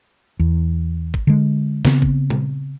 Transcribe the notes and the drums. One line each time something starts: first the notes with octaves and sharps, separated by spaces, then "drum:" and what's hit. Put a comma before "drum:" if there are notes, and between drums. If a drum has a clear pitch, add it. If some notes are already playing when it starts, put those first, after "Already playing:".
E2
drum: kick
D3 G#3
C#3 B3 C4, drum: snare
drum: kick
drum: tom A#2